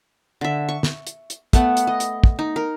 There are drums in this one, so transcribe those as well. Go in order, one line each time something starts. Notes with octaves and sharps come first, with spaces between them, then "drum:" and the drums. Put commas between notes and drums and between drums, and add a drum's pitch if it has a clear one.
D3 E5
C#6
drum: snare
drum: hi-hat
drum: hi-hat
A3 B3 F#5, drum: kick, hi-hat
drum: hi-hat
D#5
drum: hi-hat
drum: kick
D#4
A#4